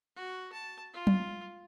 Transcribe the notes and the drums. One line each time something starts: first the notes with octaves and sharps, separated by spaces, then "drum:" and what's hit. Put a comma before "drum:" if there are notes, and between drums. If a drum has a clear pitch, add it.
F#4
A5
F4
drum: tom F#3